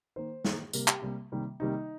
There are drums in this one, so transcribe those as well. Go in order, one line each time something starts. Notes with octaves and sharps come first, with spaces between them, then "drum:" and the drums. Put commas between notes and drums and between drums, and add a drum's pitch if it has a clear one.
D#3 A#3 C5
D#3 A#3, drum: snare
C3 G3 A#3 A#4, drum: tambourine
G4, drum: clap
C3 G3 A#3
C3 D#3 G3 A#3
C3 D#3 G3 A#3 D#4